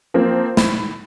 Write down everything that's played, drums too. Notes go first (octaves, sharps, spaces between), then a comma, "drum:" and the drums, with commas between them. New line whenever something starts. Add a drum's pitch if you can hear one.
F3 A#3 C4
B5, drum: snare